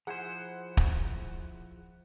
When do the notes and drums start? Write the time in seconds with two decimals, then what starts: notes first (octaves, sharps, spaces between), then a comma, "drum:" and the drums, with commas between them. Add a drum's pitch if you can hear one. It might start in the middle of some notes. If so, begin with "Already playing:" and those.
0.07 F3 E4 G#4 C5 F#5
0.77 drum: kick